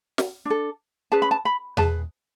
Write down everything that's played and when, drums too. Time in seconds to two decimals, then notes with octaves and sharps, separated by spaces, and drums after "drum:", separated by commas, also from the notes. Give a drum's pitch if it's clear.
0.18 drum: snare
0.45 D4 A4
1.12 C#4 G#4 B4 A5
1.22 B5
1.31 A5
1.45 B5
1.77 G#4 B4 A5, drum: tom E2